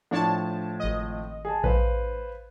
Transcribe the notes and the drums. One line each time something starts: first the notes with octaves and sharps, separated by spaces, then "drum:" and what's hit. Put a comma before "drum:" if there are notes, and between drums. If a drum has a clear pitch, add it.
A2 F3 D4 E4 C#5 A5
G#1 D#5
G#4 A5
G#2 B4 C5 F5, drum: kick A#1